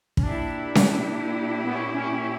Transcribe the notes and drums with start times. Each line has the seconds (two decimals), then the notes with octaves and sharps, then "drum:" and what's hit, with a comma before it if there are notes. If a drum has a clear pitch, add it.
0.17 C#4, drum: kick
0.23 A#2 A#3 D4 E4 G4
0.75 drum: snare C#4
1.65 B3
1.75 C#4
1.94 C#4
2.12 C#4